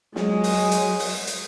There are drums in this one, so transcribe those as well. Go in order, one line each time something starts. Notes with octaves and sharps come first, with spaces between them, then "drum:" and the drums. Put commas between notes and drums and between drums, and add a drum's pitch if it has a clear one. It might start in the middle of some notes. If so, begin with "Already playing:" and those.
F#3 G#3, drum: snare
drum: open hi-hat
drum: hi-hat
drum: open hi-hat
drum: hi-hat